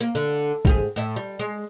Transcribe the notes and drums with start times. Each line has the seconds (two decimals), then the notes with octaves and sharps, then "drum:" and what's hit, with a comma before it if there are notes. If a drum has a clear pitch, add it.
0.01 A#3
0.15 D3
0.65 G#2 G4 G#4, drum: kick
0.96 A2 E5
1.16 G3
1.39 G#3